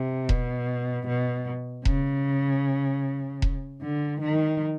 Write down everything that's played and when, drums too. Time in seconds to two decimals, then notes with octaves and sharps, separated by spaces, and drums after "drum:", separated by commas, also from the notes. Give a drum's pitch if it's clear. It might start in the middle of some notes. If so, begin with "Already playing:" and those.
Already playing: C3
0.29 B2, drum: kick E1
1.07 B2
1.85 C#3, drum: kick E1
3.42 drum: kick E1
3.81 D3
4.20 D#3